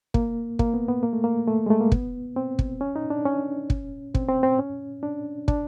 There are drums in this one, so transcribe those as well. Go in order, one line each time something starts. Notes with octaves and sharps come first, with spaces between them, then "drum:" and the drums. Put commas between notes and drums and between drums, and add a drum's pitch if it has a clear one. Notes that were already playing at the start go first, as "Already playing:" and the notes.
A#3, drum: kick
A#3, drum: kick
B3
B3
A#3
A3
A#3
A3
G#3
A3
A#3
B3, drum: kick
C4
drum: kick
C#4
D#4
D4
C#4
drum: kick
C4, drum: kick
C4
C4
C#4
D4
D4, drum: kick